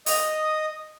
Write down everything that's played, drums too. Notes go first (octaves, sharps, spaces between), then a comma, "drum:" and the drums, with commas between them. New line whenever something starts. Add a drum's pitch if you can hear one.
D#5 D#6, drum: open hi-hat